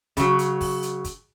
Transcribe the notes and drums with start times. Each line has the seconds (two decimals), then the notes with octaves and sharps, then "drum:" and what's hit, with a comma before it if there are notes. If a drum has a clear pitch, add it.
0.17 C#3 F#3, drum: kick, hi-hat
0.39 drum: hi-hat
0.61 drum: kick, open hi-hat
0.82 drum: hi-hat
1.04 drum: kick, hi-hat